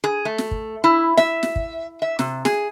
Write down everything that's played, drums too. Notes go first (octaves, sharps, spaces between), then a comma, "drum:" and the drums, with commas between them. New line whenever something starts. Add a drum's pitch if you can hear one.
G#4
A3
drum: snare
drum: kick
E4
E5, drum: snare
drum: snare
drum: kick
E5
C3, drum: snare
G#4, drum: snare